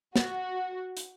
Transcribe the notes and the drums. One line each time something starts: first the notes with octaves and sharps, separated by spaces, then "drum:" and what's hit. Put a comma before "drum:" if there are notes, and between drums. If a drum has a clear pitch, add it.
F#4, drum: snare
drum: hi-hat